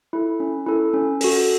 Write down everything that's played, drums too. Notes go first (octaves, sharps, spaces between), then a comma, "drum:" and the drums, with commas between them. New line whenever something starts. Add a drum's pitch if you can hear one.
E4 A4
C#4
E4 A4
C#4
F#4 A4, drum: open hi-hat